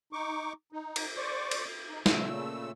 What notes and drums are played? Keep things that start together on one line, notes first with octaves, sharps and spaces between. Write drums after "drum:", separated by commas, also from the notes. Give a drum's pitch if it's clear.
D#4 C#6 D6
D#4
drum: cymbal
C5 D5 C#6 D6
drum: cymbal
D#4
A#2 C#3 A3 E6, drum: snare